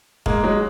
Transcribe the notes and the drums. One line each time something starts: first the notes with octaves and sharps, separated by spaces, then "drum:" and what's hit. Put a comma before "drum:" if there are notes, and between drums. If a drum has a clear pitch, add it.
G#3 A#3, drum: kick
F#3 G#3